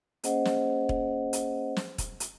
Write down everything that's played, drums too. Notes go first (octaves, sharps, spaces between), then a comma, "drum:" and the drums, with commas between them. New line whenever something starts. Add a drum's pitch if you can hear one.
A#3 C#4 G#4 C5 D#5 F#5, drum: hi-hat
drum: snare
drum: kick E1
drum: hi-hat
drum: snare
drum: kick E1, hi-hat
drum: hi-hat